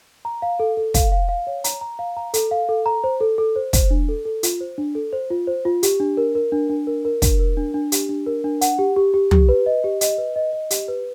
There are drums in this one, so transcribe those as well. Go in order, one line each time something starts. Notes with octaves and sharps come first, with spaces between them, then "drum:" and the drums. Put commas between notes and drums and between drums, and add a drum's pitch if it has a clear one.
A#5
F5
A4
A4
F5, drum: kick, hi-hat
F5
F5
C#5
A#5, drum: hi-hat
A#5
F5
A#5
A4, drum: hi-hat
F5
A4
A#5
C5
A4
A4
C5
C5, drum: kick, hi-hat
D4
A4
A4
F4, drum: hi-hat
C5
D4
A4
C5
F4
C5
F4
G4, drum: hi-hat
D4
A#4
A#4
D4
D4
A#4
A#4
D4, drum: kick, hi-hat
A#4
D4
D4
G4, drum: hi-hat
D4
A#4
D4
F#5, drum: hi-hat
G4
G4
G4
G4, drum: tom
B4
D#5
G4
D#5, drum: hi-hat
B4
D#5
D#5
G4, drum: hi-hat
B4